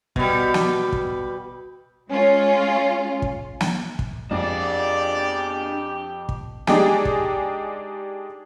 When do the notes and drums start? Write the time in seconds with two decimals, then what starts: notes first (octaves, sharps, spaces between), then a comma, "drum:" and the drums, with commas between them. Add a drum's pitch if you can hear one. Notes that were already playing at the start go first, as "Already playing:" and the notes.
0.16 B2 G3, drum: kick
0.54 drum: snare
0.92 drum: kick
2.10 G#3 C#4 F4
3.22 drum: kick
3.61 drum: snare
3.99 drum: kick
4.31 F2 D4 G4 G#4 D5
6.29 drum: kick
6.67 G#3 D4 D#4 G4 G#4, drum: snare
7.05 drum: kick